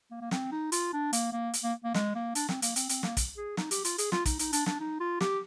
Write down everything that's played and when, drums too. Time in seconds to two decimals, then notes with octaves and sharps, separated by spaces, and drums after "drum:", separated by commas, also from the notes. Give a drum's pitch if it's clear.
0.11 A#3
0.21 A#3
0.31 C4, drum: snare
0.52 D#4
0.72 F4, drum: hi-hat
0.93 D4
1.13 A#3, drum: hi-hat
1.33 A#3
1.54 drum: hi-hat
1.64 A#3
1.84 A#3
1.94 G#3, drum: snare
2.15 A#3
2.35 D4, drum: hi-hat
2.49 C4, drum: snare
2.62 A#3, drum: hi-hat
2.76 C4, drum: hi-hat
2.89 C4, drum: hi-hat
3.03 A#3, drum: snare
3.17 drum: kick, hi-hat
3.37 G#4
3.57 D#4, drum: snare
3.71 G4, drum: hi-hat
3.85 F4, drum: hi-hat
3.98 G#4, drum: hi-hat
4.12 F4, drum: snare
4.25 D#4, drum: kick, hi-hat
4.39 D#4, drum: hi-hat
4.53 D4, drum: hi-hat
4.66 D4, drum: snare
4.80 D#4
5.00 F4
5.21 G4, drum: snare